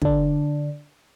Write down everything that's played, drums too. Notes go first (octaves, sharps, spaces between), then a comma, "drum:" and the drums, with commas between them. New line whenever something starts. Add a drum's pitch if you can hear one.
D3 D4, drum: kick